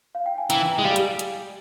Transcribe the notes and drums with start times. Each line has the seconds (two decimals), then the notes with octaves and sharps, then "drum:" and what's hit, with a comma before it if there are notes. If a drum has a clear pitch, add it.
0.15 F5
0.26 G5
0.38 G#5
0.50 E3 G5 A#5, drum: hi-hat
0.78 G#3
0.84 G3 F5 G#5
0.96 drum: hi-hat
1.19 drum: hi-hat